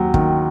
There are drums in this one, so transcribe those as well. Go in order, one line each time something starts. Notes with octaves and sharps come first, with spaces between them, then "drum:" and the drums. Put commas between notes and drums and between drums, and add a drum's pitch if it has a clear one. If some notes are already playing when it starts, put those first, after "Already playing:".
Already playing: D#2 F#3
D#3, drum: kick